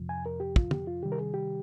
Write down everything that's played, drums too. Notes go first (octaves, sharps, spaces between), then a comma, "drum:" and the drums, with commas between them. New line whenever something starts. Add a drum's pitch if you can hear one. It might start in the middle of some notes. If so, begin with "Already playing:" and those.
Already playing: F2 C3 F3
G#5
A#4
G4
F4, drum: kick
G4, drum: tom
F4
C3 D#3 G3 G4
A#4
G#4
G4